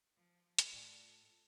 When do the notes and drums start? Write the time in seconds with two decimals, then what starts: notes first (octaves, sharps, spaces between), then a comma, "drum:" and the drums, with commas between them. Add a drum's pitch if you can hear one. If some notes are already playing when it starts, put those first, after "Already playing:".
0.13 F3
0.59 drum: hi-hat
0.73 A2 F4 A4 D5 G5